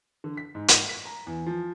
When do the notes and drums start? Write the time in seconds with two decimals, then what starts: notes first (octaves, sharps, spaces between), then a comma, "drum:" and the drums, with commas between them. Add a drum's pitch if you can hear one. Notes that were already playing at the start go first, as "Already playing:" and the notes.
0.24 D3
0.37 B6
0.55 G#2
0.68 drum: hi-hat
0.89 B6
1.05 A#5
1.27 E2
1.46 F3